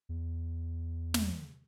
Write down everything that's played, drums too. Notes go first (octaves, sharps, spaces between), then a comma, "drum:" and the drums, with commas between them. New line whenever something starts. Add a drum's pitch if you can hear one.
E2
drum: snare